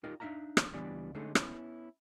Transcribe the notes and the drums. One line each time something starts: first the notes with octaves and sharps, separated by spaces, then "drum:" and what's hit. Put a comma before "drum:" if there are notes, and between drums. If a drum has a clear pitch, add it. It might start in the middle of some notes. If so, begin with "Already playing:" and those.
D#4 F4 G4 A#4 D#5
D4 D#4 E5 F5 A#5
drum: rim click
C#2 E3 G3 B3 D4
D3 G#3 A3 C#4 D#4 G#4
B3 C#4 E4, drum: rim click